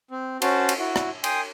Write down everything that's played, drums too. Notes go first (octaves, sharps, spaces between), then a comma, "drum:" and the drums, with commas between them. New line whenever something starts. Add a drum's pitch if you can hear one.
C4
C#4 F#4 C5 A5, drum: cymbal
drum: cymbal
E4 F#4
drum: rim click
G5 G#5 C6 D#6, drum: cymbal